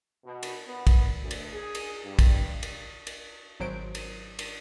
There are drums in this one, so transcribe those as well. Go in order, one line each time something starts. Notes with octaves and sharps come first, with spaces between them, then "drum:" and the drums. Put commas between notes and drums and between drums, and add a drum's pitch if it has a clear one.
B2
drum: cymbal
B3
drum: kick, cymbal
D2
drum: cymbal
G#4
drum: cymbal
G2
drum: kick, cymbal
drum: cymbal
drum: cymbal
G#1 F#3 C5 D7
drum: cymbal
drum: cymbal